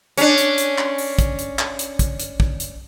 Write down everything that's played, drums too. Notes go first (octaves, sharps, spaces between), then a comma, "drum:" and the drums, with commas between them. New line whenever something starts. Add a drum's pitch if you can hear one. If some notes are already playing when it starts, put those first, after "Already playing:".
C#4 D4, drum: hi-hat
drum: hi-hat
drum: hi-hat
drum: clap
drum: open hi-hat
drum: kick, hi-hat
drum: hi-hat
drum: clap
drum: hi-hat
drum: kick, hi-hat
drum: hi-hat
drum: kick
drum: hi-hat